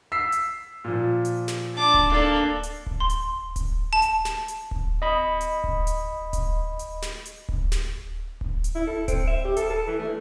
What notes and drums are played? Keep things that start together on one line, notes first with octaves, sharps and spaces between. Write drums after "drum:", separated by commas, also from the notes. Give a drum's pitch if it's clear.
E6 B6 C7
drum: hi-hat
A#2 F3
drum: hi-hat
drum: snare
D4 D6
drum: kick D1
A#3 D4 A4
drum: hi-hat
drum: kick D1
C6
drum: hi-hat
drum: kick D1, hi-hat
A5
drum: hi-hat
drum: snare
drum: hi-hat
drum: kick D1
D#5 B5
drum: hi-hat
drum: kick D1
drum: hi-hat
drum: kick D1, hi-hat
drum: hi-hat
drum: snare
drum: hi-hat
drum: kick D1
drum: snare
drum: kick D1
drum: hi-hat
E4
A4
C4, drum: kick D1, hi-hat
E5
G4
A4, drum: hi-hat
A4
E3
A3